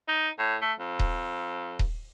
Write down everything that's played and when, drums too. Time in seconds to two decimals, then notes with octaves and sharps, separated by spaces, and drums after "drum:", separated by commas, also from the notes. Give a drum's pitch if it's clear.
0.08 D#4
0.39 A2
0.61 A3
0.79 F2
0.99 drum: kick D#1
1.79 drum: kick D#1